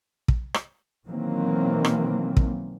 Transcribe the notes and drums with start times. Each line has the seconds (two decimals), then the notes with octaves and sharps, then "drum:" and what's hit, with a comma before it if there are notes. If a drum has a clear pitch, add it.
0.28 drum: kick
0.54 drum: rim click
1.06 B2 D#3 E3 F#3 A#3 C4
1.85 drum: rim click
2.37 drum: kick